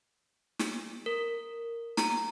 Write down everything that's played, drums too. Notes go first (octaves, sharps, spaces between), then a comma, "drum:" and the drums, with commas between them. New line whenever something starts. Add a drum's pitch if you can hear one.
drum: snare
A#4
A#5, drum: snare